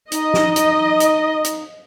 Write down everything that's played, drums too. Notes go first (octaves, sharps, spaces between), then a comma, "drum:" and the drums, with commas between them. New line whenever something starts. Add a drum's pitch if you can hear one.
D#4 D#5, drum: hi-hat
drum: snare
drum: hi-hat
drum: hi-hat
drum: hi-hat